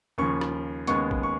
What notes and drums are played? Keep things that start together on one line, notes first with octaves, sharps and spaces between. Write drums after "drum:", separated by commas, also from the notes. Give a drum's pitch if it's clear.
D#2 C#3 F3 C#6
drum: rim click
D#2 C#3 G#3 B3 C#6, drum: hi-hat
drum: kick
C#6